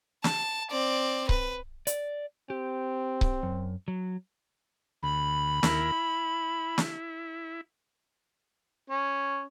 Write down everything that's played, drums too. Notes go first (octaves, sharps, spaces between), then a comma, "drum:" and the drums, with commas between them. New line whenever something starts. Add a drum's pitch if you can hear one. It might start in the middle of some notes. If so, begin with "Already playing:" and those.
A5, drum: snare
C4 D5
B4, drum: kick C#1
D5, drum: hi-hat
C4 G4
drum: kick C#1
F#2
F#3
D2 B5
D#2 E4 A#4, drum: snare
E4
drum: snare
C#4